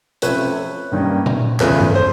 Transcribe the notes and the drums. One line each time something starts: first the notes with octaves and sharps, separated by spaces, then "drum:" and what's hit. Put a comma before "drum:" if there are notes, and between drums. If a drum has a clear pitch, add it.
C3 F3 A3 C#4 B4 C#5, drum: hi-hat
G2 D#3 G3 A#3 C#4
drum: tom A#2
E2 C#3 F3 A3 B4, drum: clap
drum: tom G2
C5